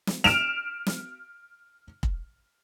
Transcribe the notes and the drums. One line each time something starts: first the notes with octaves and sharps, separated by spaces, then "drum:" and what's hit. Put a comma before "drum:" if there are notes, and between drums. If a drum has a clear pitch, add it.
drum: snare
F6 D7 E7 F7, drum: snare
drum: snare
drum: kick